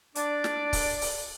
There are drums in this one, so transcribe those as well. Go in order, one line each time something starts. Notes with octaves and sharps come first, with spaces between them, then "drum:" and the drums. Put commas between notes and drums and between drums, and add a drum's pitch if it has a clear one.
D4 D5, drum: hi-hat
drum: snare
drum: kick, open hi-hat
drum: open hi-hat